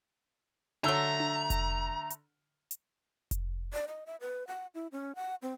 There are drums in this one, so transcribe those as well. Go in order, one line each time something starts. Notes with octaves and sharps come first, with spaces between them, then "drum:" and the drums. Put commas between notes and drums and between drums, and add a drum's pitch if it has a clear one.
D3 F#3 A3 A#5 E6 G7
drum: tom D4
drum: kick F1, hi-hat
drum: hi-hat
drum: hi-hat
drum: kick F1, hi-hat
D5
D#5
E5
B4
F#5
E4
C#4
F#5
C4